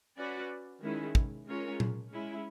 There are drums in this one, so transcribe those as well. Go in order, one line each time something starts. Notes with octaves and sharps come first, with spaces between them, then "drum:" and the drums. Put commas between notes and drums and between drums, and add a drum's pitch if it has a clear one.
C#4 F#4 B4 D5
D#3 G#3 C#4 E4
drum: kick
G#3 C#4 F4 A#4 C#5
drum: tom A#2
G#3 C#4 E4